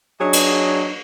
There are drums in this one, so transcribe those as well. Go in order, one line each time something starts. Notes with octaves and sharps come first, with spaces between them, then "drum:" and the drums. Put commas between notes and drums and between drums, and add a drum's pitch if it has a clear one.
F#3 D4 G#4 C#5 D#5
drum: cymbal